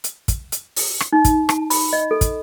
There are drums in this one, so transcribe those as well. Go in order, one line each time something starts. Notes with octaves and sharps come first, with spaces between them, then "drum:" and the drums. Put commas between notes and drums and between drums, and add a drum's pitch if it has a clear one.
drum: hi-hat
drum: kick, hi-hat
drum: hi-hat
drum: open hi-hat
drum: rim click
D#4
drum: kick, hi-hat
A5, drum: rim click
B5, drum: open hi-hat
D#5
A4
drum: kick, hi-hat